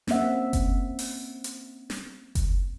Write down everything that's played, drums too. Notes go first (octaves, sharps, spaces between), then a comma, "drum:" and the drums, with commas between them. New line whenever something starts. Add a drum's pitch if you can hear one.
A#3 C4 C#4 E5 F#5, drum: snare
drum: kick F#1, hi-hat
drum: open hi-hat
drum: hi-hat
drum: snare
drum: kick F#1, hi-hat